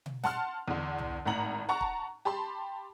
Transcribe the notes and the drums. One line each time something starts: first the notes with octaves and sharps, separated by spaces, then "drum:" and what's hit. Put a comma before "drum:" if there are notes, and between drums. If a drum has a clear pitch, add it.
drum: tom B2
F#5 A5 C6 F6, drum: snare
E2 D3
drum: tom C2
G#1 A2 F#5 A#5 F#7
F#5 A5 A#5 C#6
drum: kick
G4 A5 B5 C6